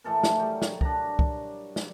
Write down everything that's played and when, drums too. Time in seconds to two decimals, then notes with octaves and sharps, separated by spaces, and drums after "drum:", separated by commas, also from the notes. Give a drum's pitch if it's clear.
0.04 A2 E3 A4 A#4
0.23 drum: snare
0.37 F#3 G3 G5
0.62 drum: snare
0.81 D4 A#5, drum: kick
1.19 drum: kick
1.76 drum: snare